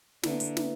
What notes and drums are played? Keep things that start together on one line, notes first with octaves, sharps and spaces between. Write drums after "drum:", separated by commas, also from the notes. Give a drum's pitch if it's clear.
D3 A#3 E4 B4 E5, drum: snare
drum: hi-hat
drum: snare